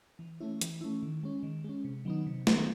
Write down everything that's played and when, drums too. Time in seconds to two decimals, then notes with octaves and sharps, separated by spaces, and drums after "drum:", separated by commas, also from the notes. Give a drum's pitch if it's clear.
0.19 E3
0.40 A3 C#4 E4
0.61 E3, drum: hi-hat
0.81 A3 C#4 E4
1.03 D#3
1.23 G#3 C#4
1.43 D#3
1.64 G#3 C#4
1.85 C3
2.05 D#3 F#3 B3 D#4
2.27 C3
2.47 D#3 F#3 B3 D#4, drum: snare